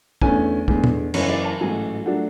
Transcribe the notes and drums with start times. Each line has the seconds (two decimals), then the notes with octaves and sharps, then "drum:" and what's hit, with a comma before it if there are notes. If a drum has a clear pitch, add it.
0.22 E2 D3 A3 C#4 G#5, drum: kick
0.68 E2 D3 G#3, drum: kick
0.84 drum: tom
1.14 F#1 F#2 E3 C#5, drum: cymbal
1.29 D5
1.45 A5
1.61 A1 G#2 F#3 A3 G#5
2.06 F#3 A3 D4 F#5